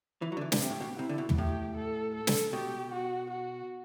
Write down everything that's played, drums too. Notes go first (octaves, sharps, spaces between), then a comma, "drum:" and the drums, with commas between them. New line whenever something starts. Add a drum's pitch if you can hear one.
E3
F#3
D3
E3
D3, drum: snare
C3 G4
A2
B2
C3 E4
D3
B2
drum: tom
A2 G4
A4
A4
drum: snare
B2 G4
F#4
F#4